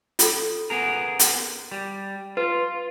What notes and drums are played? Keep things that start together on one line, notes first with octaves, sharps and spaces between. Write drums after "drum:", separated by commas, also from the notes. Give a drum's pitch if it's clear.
F4 A4, drum: hi-hat
B3 G#4 A#4
drum: hi-hat
G3
F4 B4